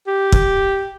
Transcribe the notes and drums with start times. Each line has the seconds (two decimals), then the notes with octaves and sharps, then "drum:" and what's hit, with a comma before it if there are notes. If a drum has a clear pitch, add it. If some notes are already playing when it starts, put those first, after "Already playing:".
0.07 G4
0.32 drum: kick